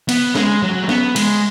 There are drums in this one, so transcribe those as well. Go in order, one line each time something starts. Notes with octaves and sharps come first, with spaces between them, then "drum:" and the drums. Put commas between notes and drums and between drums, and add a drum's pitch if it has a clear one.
B3, drum: cymbal
G#3, drum: snare
F#3
G#3
B3, drum: snare
G#3, drum: cymbal